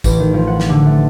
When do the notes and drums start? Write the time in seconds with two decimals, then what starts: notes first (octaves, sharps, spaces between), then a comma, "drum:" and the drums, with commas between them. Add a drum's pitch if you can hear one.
0.04 A1, drum: kick, tambourine
0.19 D#3
0.34 F3
0.47 F#5
0.60 drum: snare
0.69 D3
0.85 A3